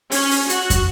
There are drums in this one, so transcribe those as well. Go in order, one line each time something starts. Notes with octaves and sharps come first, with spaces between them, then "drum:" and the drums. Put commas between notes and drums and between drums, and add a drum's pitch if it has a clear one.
C#4, drum: open hi-hat
drum: open hi-hat
F#4, drum: hi-hat
drum: kick, hi-hat